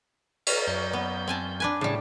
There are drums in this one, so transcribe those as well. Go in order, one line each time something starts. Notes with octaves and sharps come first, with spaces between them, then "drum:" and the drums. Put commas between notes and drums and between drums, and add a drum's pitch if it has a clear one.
drum: cymbal
F#2 G6
B3
C4 G#5 A5
D4 B4 G#5
A2 C#3 G3 G#4 A5